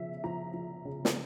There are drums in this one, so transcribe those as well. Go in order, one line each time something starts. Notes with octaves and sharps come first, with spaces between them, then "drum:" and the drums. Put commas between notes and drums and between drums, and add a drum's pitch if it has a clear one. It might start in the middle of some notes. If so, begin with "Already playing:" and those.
Already playing: C#3 F3 E5
F3 A#5
F3
C#3
drum: snare